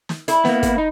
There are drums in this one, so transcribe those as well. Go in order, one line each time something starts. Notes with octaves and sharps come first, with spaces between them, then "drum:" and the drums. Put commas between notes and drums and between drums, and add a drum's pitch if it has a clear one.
drum: snare
E4, drum: hi-hat
A#3 B3, drum: snare
drum: kick, hi-hat
D#4